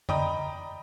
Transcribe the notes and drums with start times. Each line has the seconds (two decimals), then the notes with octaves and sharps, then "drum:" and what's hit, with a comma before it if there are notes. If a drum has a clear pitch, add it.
0.09 D5 D#5 G5 A#5 B5 D#6, drum: tom